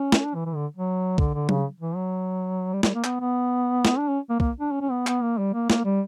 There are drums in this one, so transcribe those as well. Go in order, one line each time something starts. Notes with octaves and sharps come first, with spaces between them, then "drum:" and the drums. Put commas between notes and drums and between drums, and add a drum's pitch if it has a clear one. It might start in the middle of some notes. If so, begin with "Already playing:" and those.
Already playing: C#4
drum: snare
D4
E3
E3
D3
F#3
D3, drum: kick
D3
C#3, drum: tom F#3
E3
F#3
G3
G3, drum: snare
A#3
B3, drum: clap
B3
drum: snare
D4
C#4
A#3
A#3, drum: kick
D4
C#4
C#4
B3
B3, drum: clap
A#3
G3
A#3
A#3, drum: snare
G3